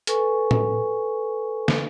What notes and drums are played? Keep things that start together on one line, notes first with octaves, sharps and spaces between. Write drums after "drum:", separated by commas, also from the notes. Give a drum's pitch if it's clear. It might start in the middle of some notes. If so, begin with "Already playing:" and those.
A4 B4 G#5 C#6, drum: hi-hat
drum: tom A2
drum: snare